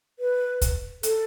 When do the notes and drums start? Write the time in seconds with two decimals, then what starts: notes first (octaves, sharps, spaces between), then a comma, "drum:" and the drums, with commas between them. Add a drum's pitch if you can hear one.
0.19 B4
0.61 drum: kick, hi-hat
1.03 A4, drum: hi-hat